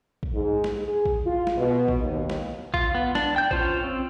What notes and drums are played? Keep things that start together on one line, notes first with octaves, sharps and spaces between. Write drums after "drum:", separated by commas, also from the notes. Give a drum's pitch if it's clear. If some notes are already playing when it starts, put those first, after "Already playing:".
drum: kick
G#2
drum: snare
G#4
drum: kick
F4
drum: snare
B2
drum: kick
D#2
drum: snare
F4, drum: kick
B3
D4, drum: snare
G5 G6
C#4 F4 C5, drum: kick
C4